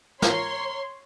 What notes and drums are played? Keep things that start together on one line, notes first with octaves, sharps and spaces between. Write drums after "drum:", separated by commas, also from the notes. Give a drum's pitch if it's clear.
A#4 C#5 C6, drum: snare